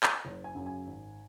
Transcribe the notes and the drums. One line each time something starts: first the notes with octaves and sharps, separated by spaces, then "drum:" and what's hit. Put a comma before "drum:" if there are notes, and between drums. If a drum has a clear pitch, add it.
drum: clap
F#1
G#5
F#2 C#3
G#5
G#1